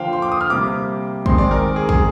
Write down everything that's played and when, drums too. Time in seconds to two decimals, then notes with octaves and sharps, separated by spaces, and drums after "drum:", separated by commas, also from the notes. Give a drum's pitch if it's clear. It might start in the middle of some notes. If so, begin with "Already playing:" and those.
Already playing: D3 F3 A#3 C5 F5 G5
0.13 C6
0.22 D6
0.32 D#6
0.41 F6
0.50 C3 G3 A#3 D6
1.26 D#3 G#3 C4 C6, drum: kick
1.38 D5
1.51 A#4
1.76 G#4
1.89 G#4, drum: kick